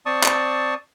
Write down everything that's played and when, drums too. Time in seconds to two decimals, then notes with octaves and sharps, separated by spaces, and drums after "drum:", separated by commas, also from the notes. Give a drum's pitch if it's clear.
0.06 C4 D5 A5 C#6 D#6
0.24 drum: clap